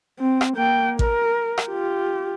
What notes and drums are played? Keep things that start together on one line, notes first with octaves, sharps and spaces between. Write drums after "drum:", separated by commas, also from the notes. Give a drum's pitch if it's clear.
C4
drum: rim click
A#3 G5
A#4, drum: kick A1
drum: rim click
F4 G4